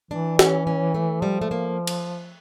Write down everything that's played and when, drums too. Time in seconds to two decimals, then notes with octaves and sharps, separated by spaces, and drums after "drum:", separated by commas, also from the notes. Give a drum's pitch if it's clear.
0.11 E3 D4
0.39 C#4, drum: snare
0.67 C#4
0.94 A3
1.22 F3 G3
1.41 A3
1.51 A#3
1.87 drum: cymbal